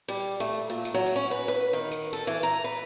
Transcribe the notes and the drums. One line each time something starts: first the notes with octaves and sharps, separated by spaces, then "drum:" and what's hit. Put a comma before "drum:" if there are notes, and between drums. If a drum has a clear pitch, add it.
G3
A3, drum: tambourine
A#2
drum: tambourine
F#3
drum: tambourine
C#4
B4
B4
D#3
drum: tambourine
A4, drum: tambourine
E3
A#5
B4